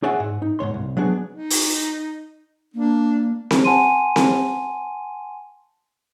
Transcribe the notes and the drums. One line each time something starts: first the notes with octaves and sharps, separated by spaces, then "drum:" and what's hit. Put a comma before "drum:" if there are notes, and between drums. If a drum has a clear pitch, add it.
G#4 C#5 D5 E5 F#5 G#5
G#2
D#4
G#2 C3 C#5 C6
C2
F#3 B3 D4 G#4
D#4
drum: open hi-hat
A#3 D4
drum: snare C4
F#5 G#5 A5 C6 D#7
drum: snare C4